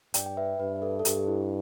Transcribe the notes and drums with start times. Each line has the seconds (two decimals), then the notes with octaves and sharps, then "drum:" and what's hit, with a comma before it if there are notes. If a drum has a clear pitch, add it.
0.14 G2 D5 G5, drum: hi-hat
0.26 G5
0.37 B4 E5
0.59 G2 B4 E5
0.76 E5
0.82 A4 D5
0.99 A4
1.05 G2 G4, drum: hi-hat
1.27 E4